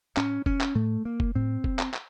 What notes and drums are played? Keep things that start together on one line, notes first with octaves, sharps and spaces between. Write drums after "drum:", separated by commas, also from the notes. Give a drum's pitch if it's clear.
A2 C#4, drum: clap
C#4, drum: kick F1
drum: clap
A2 A3
A#3
drum: kick F1
A2 C4
drum: kick F1
drum: clap
drum: clap